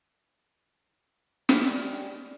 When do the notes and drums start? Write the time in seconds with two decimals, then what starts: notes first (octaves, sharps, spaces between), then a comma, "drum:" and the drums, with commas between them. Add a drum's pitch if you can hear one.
1.49 G#3 B5 F6, drum: snare
1.65 G3